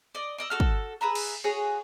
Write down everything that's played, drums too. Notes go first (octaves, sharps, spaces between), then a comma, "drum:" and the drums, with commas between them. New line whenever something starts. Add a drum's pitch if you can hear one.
D5 D#5
D5 D#5 E6
F#4 A4 F6
drum: kick
G#4 B4 E5 A#5
drum: cymbal
F#4 G#4 C#5